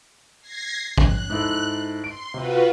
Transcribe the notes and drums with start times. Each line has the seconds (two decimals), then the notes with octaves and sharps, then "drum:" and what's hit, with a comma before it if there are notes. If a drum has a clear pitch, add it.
0.40 G#6 A#6 C7
0.98 F#6, drum: kick A1
1.30 G#2 E4 A4
2.04 C6 D7
2.34 C3 F4 F#4 B4